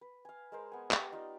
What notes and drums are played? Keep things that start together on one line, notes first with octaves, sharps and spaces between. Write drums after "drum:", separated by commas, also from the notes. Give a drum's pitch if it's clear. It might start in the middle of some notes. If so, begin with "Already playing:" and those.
B4
F5 G#5
G#3 A#4 C5
B3 G#5
G4, drum: clap
D#4 F4 D5 D#5